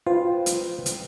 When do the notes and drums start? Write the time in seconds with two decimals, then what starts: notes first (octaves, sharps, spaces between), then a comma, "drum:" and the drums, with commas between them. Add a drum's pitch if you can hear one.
0.07 F4 B4 C5 G5
0.46 drum: hi-hat
0.86 drum: hi-hat